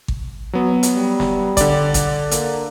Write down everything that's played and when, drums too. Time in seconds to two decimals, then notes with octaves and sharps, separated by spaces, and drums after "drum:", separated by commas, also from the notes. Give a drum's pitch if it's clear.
0.08 drum: kick G#1
0.53 F#3 B3
0.83 drum: hi-hat
0.96 G3
1.20 drum: snare
1.57 D3 D5, drum: kick G#1, hi-hat
1.94 drum: kick G#1, hi-hat
2.31 A#3, drum: hi-hat